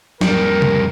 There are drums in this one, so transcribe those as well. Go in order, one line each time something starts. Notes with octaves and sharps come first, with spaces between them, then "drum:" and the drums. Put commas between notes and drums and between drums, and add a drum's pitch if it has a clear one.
F2 G3 A#3 G4 A#4, drum: snare
drum: tom C3